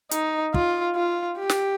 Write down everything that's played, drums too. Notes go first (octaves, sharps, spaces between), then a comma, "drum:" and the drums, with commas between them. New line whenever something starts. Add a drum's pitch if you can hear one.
D#4, drum: hi-hat
F4, drum: kick
F4
G4
drum: snare